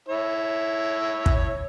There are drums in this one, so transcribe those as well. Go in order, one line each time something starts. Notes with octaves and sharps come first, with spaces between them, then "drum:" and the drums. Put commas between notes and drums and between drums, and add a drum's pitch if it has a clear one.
E4 C#5
drum: kick